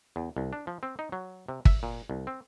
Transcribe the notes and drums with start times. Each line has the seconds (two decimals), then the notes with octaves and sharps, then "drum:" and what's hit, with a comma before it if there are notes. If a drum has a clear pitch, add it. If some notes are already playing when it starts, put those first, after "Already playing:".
0.16 E2
0.37 C2
0.53 D4
0.67 F3
0.83 C4
0.99 D#4
1.12 F#3
1.48 C3
1.65 E5, drum: kick
1.83 A#2
2.10 C2
2.27 C4